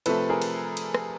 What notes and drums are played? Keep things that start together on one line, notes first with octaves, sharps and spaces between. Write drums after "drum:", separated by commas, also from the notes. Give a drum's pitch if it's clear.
C3 F3 A3 C4 A4 B4, drum: cymbal
G#4 A#4
drum: cymbal
drum: cymbal
drum: rim click